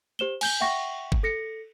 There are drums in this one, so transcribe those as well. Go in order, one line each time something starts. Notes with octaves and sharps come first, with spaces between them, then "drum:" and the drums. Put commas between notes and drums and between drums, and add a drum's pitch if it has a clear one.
G4 C5 E7 G7
G#5 G6 G7, drum: cymbal
E5 F#5 G5 C#6 A#6
drum: kick G1
A4 A#6 C#7